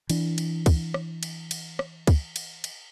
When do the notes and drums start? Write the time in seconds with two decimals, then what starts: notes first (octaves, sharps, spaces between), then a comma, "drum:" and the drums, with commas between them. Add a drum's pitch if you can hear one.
0.10 E3 D4, drum: cymbal
0.38 drum: cymbal
0.66 drum: kick, cymbal
0.94 drum: rim click
1.23 drum: cymbal
1.51 drum: cymbal
1.79 drum: rim click
2.07 drum: kick, cymbal
2.36 drum: cymbal
2.64 drum: cymbal